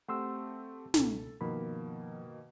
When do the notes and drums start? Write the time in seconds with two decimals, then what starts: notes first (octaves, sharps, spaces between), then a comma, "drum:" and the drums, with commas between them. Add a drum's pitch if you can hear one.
0.08 A3 C4 G4 F#5 C6 E6
0.94 C#2 B2 A4, drum: snare
1.41 G2 B2 D#3 F3 A#3 B5